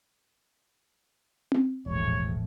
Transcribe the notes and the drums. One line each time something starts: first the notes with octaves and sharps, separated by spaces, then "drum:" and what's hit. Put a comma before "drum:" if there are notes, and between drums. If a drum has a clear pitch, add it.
drum: tom C4
E1 A#1 A2 C#5